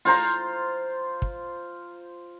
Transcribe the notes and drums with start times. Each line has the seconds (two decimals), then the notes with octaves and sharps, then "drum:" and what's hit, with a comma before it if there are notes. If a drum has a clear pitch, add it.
0.05 F4 C5 A#5, drum: open hi-hat
1.22 drum: kick